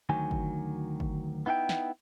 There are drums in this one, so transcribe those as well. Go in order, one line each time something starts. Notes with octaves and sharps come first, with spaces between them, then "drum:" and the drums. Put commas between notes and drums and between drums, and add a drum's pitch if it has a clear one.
D2 D#3 F#3 G#5
drum: kick
drum: kick
B3 D#4 E4 F#5 G5
drum: snare